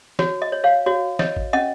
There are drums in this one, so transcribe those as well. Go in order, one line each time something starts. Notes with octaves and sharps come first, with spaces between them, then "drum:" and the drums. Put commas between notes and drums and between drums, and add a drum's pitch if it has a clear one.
F#4 C#5, drum: snare
D#5
C#5
C#5 F5
F#4 C#5
C#5 D#5, drum: snare
drum: kick
C#4 D#5 F#5